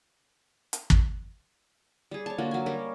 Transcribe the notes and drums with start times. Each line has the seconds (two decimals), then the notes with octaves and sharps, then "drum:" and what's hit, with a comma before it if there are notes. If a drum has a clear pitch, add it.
0.73 drum: hi-hat
0.90 drum: kick
2.11 G3 G#4
2.26 C#5 A5
2.38 D3 A#3 F4 F#4
2.51 F#3 G#5
2.66 G3 C#4 A#4